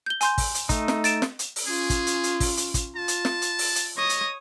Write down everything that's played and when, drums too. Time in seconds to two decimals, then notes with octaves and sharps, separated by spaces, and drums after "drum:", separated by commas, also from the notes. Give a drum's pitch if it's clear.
0.06 G6 G7
0.21 G#5 C6 G6, drum: hi-hat
0.38 drum: kick, open hi-hat
0.55 drum: hi-hat
0.69 A3 D#4, drum: kick, hi-hat
0.88 drum: snare
1.04 A6 D7 E7, drum: hi-hat
1.22 drum: snare
1.39 drum: hi-hat
1.56 drum: open hi-hat
1.67 C#4 F4 G#4
1.90 drum: kick, hi-hat
2.07 drum: hi-hat
2.23 drum: hi-hat
2.40 drum: kick, open hi-hat
2.57 drum: hi-hat
2.74 drum: kick, hi-hat
2.96 F4 A5
3.08 drum: hi-hat
3.25 drum: snare
3.42 drum: hi-hat
3.59 drum: open hi-hat
3.76 drum: hi-hat
3.97 C#5 D#5 D#6
4.09 drum: hi-hat